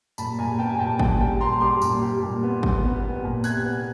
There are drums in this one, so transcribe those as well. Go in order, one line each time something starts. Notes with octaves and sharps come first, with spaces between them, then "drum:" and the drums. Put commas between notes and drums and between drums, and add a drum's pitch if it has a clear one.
A#2 A5 B5, drum: tambourine
A#2 G#5 A#5
B3 G5 A5
G#5
A#2 G5 A5
A#2 G5 A5, drum: kick
G3 G5 A5
A#2 A#5 C6
G3 C6 D6
A#2, drum: tambourine
G3
A#2
B3
B3, drum: kick
B3
B3
A#2
C3 F#6 G#6, drum: tambourine
B3